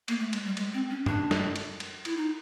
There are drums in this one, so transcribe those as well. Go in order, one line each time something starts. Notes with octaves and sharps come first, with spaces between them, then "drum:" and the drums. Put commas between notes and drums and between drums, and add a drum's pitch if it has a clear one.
A#3, drum: cymbal
A3
G#3, drum: cymbal
G3
G#3, drum: cymbal
C4
C#4
D4, drum: tom F#2
drum: snare
drum: cymbal
drum: cymbal
E4, drum: cymbal
D#4